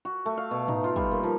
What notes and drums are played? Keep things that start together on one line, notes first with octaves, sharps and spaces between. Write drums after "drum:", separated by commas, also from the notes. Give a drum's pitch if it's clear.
F#4
A3
F5
B2
D#4, drum: tom G#2
F4
G3, drum: kick
A#3
F3